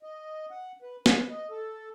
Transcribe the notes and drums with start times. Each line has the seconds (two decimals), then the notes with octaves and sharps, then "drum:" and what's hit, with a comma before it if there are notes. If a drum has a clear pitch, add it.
0.03 D#5
0.51 F#5
0.82 B4
1.06 B4, drum: snare
1.29 D#5
1.51 A4